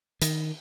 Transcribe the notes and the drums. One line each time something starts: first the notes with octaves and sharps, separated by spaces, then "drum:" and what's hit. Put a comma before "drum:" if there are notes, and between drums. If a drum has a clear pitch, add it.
D#3, drum: hi-hat